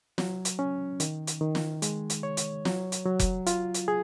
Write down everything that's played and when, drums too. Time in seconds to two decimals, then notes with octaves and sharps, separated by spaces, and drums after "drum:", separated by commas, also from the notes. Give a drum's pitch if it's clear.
0.18 F#3, drum: snare
0.45 drum: hi-hat
0.59 C#4
1.00 D#3, drum: hi-hat
1.27 drum: hi-hat
1.41 D#3
1.55 drum: snare
1.82 G#3, drum: hi-hat
2.10 drum: hi-hat
2.23 C#5
2.37 drum: hi-hat
2.65 F#3, drum: snare
2.92 drum: hi-hat
3.05 F#3
3.20 drum: kick F1, hi-hat
3.47 F4, drum: hi-hat
3.74 drum: hi-hat
3.88 G#4